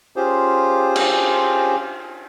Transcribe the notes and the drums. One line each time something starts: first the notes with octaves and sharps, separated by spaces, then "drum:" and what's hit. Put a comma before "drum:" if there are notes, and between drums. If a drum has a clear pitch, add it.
C#4 F4 G4 G#4 C5
drum: cymbal